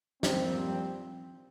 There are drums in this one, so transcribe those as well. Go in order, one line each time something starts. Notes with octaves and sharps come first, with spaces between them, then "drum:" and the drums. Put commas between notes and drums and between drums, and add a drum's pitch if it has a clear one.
F3 G3 A#3 C4, drum: snare